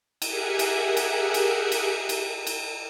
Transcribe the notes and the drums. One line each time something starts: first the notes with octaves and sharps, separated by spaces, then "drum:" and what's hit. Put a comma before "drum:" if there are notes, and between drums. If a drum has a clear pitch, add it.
G4 G#4 A#4 E5 F#5 G#5, drum: cymbal
drum: cymbal
drum: cymbal
drum: cymbal
drum: cymbal
drum: cymbal
drum: cymbal